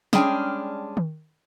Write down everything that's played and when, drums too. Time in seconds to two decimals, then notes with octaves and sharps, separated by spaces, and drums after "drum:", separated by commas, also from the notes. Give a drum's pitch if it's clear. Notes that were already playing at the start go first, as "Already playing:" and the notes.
0.13 G3 G#3 C#4 D4 G5, drum: snare
0.97 drum: tom D#3